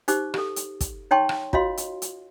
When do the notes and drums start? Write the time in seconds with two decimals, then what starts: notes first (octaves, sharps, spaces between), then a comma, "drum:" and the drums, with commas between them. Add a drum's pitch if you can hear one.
0.08 D#4 G4 C5 D6, drum: hi-hat
0.34 G4 A4, drum: rim click
0.56 drum: hi-hat
0.81 drum: kick, hi-hat
1.11 D#4 C#5 G5 A5 C6 C#6
1.29 drum: rim click
1.53 F4 F#4 C#5 D#5 F5 C6, drum: kick
1.77 drum: hi-hat
2.02 drum: hi-hat